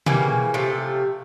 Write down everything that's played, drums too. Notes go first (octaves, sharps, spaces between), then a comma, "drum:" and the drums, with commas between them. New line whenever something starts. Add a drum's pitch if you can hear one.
C#3 E3 G3 A#3, drum: tom B2
C3 F3 A3